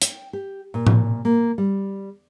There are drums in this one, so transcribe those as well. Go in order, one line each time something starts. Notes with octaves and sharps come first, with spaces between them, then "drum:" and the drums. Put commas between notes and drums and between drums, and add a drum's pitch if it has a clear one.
G5, drum: hi-hat
G4
A#2
drum: tom A2
A#3
G3